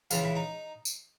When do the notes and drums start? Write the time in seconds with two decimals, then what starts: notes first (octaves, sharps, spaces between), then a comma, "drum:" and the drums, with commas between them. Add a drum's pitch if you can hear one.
0.11 C#2 C#3 E3 F4, drum: tambourine
0.23 E4
0.35 D#4
0.85 drum: tambourine